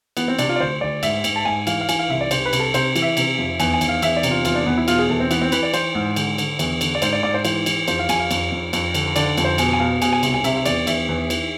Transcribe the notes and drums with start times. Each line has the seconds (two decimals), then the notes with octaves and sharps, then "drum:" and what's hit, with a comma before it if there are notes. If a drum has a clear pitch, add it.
0.17 E3 B3, drum: cymbal
0.28 C4
0.39 C3 D4, drum: cymbal
0.49 F4
0.56 D5
0.60 D2 C5
0.81 D2 D5
1.03 G#2 E5, drum: cymbal
1.24 G#2, drum: cymbal
1.36 A5
1.45 G#2 G#5
1.67 E3 F5, drum: cymbal
1.81 F5
1.89 E3 G#5, drum: cymbal
1.99 F5
2.10 C2 E5
2.21 D5
2.31 C2 C5, drum: cymbal
2.45 B4
2.53 C3, drum: cymbal
2.60 A4
2.74 C3 C5, drum: cymbal
2.96 E3, drum: cymbal
3.02 E5
3.17 C3, drum: cymbal
3.38 F2
3.60 E2 G#5, drum: cymbal
3.74 G#5
3.81 E2, drum: cymbal
3.89 F5
4.02 E2 E5, drum: cymbal
4.17 D5
4.23 C3, drum: cymbal
4.31 F4
4.45 E2 F4, drum: cymbal
4.55 D4
4.66 E2 B3
4.77 E4
4.88 B2 F4, drum: cymbal
4.99 G#4
5.09 E2 A4
5.20 C4
5.31 E3 B3, drum: cymbal
5.42 C4
5.52 E3 B4, drum: cymbal
5.63 D5
5.74 E3 C5, drum: cymbal
5.95 G#2
6.16 D3, drum: cymbal
6.38 D3, drum: cymbal
6.59 E2, drum: cymbal
6.81 D3, drum: cymbal
6.95 D5
7.02 G#2 C5, drum: cymbal
7.13 D5
7.23 G#2 D5
7.34 C5
7.45 E3 C5, drum: cymbal
7.66 E3, drum: cymbal
7.88 F2 C5, drum: cymbal
7.99 F5
8.09 F2 G#5, drum: cymbal
8.20 F5
8.31 F2, drum: cymbal
8.52 F2
8.73 F2, drum: cymbal
8.95 D3, drum: cymbal
9.16 D3 D5, drum: cymbal
9.37 F2, drum: cymbal
9.45 C5
9.58 B2 G#5, drum: cymbal
9.73 G#5
9.80 B2 F5
10.02 B2 G#5, drum: cymbal
10.13 G#5
10.23 C2, drum: cymbal
10.34 G#5
10.44 C3 E5, drum: cymbal
10.57 E5
10.66 E2 D5, drum: cymbal
10.87 E2 E5, drum: cymbal
11.09 E2
11.30 E3, drum: cymbal